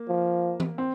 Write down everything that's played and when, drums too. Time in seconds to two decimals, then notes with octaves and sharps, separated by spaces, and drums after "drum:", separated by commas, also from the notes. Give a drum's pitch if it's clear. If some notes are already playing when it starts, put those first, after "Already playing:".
Already playing: A#3
0.08 F3
0.60 drum: tom E3
0.78 C4